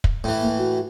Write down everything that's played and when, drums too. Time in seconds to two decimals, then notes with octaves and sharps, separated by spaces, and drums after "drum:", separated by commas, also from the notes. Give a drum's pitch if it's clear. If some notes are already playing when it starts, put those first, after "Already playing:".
0.04 drum: kick
0.24 A2 E3
0.40 A#3
0.58 F#4